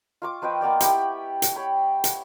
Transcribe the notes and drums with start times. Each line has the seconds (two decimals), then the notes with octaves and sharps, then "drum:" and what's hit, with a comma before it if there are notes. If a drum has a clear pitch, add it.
0.22 F4 C#6 D6
0.42 F3 B4 D#5 G5
0.61 A#3 B3 D5 G5
0.80 E4 G4 B5 C#6, drum: hi-hat
1.42 drum: hi-hat
1.56 C#5 G5 B5
2.04 drum: hi-hat